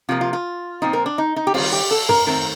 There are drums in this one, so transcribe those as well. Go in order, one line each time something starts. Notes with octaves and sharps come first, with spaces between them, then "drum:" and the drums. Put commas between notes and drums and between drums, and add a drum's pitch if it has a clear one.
C3 F3 A#3 F4
F4
F4
A#2 F3 C4 D#4
A#4
D4
D#4
D#4
G4
D#3 G3 C4 F4, drum: cymbal
G4
A4
A#4, drum: tom
D#3 A3 C4 A#4